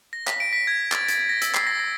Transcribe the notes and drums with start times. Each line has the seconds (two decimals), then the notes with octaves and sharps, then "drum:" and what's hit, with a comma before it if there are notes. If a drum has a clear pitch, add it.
0.13 A#6
0.27 B6, drum: clap
0.40 D7
0.53 B6
0.67 G#6
0.92 A6, drum: clap
1.08 A6, drum: hi-hat
1.29 A#6
1.42 E6, drum: hi-hat
1.54 C7, drum: clap
1.67 A#6
1.80 A#6